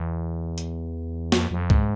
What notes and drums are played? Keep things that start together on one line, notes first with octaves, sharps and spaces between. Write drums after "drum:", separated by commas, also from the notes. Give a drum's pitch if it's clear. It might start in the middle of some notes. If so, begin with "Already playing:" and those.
Already playing: E2
drum: hi-hat
F2, drum: snare
F2
G#2, drum: kick C2